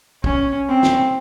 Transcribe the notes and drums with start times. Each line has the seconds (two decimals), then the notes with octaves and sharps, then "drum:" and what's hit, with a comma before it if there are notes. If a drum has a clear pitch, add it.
0.24 C#4, drum: kick
0.69 C4
0.83 drum: snare